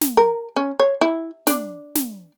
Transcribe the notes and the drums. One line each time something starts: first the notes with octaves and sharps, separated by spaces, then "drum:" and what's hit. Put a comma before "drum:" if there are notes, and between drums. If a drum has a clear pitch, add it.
drum: snare
A#4
C#4
C#5
E4
D4, drum: snare
drum: snare